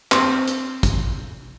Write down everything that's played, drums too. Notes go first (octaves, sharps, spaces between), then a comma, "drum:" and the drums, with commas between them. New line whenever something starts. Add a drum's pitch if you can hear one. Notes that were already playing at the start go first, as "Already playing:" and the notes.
C4, drum: clap
drum: hi-hat
drum: kick, hi-hat